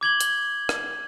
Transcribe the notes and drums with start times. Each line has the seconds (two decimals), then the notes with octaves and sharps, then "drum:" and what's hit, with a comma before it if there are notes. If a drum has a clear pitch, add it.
0.01 D6 G#6 F#7 G7
0.21 drum: hi-hat
0.69 drum: rim click